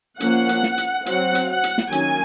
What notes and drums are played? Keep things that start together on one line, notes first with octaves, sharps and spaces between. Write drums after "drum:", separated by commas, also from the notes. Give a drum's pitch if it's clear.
F3 A#3 C#4 F#5, drum: hi-hat
drum: hi-hat
drum: snare
drum: hi-hat
F#3 C4 F#5, drum: hi-hat
drum: hi-hat
F#5
drum: hi-hat
drum: snare
D#3 F#3 A#3 C#4 G#5, drum: hi-hat